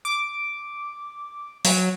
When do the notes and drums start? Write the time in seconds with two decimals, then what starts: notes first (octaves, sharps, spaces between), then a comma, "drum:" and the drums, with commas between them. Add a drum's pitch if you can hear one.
0.05 D6
1.65 F#3, drum: open hi-hat